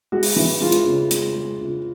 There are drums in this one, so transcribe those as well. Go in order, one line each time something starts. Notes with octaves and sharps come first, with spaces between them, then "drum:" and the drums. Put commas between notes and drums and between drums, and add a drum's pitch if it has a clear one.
G#3 F#4
drum: open hi-hat
E3
G#3 F4
drum: hi-hat
C#3
G#3, drum: hi-hat
G#3
C#3 F4